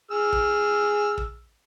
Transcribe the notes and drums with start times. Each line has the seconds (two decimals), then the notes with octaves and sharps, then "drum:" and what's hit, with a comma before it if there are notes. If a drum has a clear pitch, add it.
0.11 G#4 E6 F6
0.33 drum: kick
1.18 drum: kick